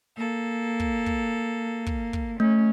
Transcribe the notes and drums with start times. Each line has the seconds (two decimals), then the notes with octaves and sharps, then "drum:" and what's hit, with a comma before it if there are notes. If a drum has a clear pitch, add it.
0.16 A#3 A4
0.80 drum: kick
1.06 drum: kick
1.86 drum: kick
2.13 drum: kick
2.40 A3 C#4